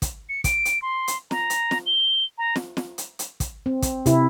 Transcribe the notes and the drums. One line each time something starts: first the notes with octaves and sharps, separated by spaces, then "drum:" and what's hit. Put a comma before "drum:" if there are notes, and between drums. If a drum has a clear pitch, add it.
drum: kick, hi-hat
C#7
D7, drum: kick, hi-hat
drum: hi-hat
C6
drum: hi-hat
A#5, drum: snare
drum: hi-hat
drum: snare
G7
A#5
drum: snare
drum: snare
drum: hi-hat
drum: hi-hat
drum: kick, hi-hat
C4
drum: kick, hi-hat
C3 E4, drum: hi-hat